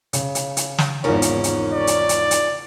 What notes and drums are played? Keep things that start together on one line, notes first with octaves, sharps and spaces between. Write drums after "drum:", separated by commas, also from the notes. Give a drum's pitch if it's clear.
C#3, drum: hi-hat
drum: hi-hat
drum: hi-hat
drum: snare
G#1 E2 G#2 C#3 F3 C#4 A#4
drum: hi-hat
drum: hi-hat
D5
drum: hi-hat
drum: hi-hat
drum: hi-hat